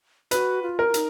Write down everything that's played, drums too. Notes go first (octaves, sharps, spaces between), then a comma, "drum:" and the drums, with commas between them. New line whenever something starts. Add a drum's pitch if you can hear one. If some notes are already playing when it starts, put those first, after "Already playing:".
F#4 B4, drum: hi-hat
F4
A#4
F4
D#4, drum: hi-hat